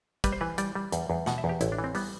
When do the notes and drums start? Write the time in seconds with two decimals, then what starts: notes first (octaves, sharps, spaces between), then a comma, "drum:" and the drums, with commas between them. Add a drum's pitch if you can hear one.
0.24 G3 B4, drum: kick, hi-hat
0.32 C5
0.41 E3 B4
0.58 G3 D5, drum: hi-hat
0.75 G3
0.92 E2, drum: hi-hat
1.10 E2
1.26 B2 F#5, drum: snare
1.38 E5
1.44 E2
1.49 G4
1.61 A1 E4, drum: hi-hat
1.72 D4
1.78 E3
1.84 C4
1.95 G3 B3, drum: open hi-hat